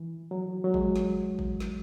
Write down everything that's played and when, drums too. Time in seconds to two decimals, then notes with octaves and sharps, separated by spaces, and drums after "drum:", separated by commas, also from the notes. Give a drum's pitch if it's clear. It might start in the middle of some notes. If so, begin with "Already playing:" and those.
Already playing: E3
0.31 F#3
0.64 F#3
0.74 G#3, drum: kick G#1
0.96 drum: snare
1.39 drum: kick G#1
1.60 drum: snare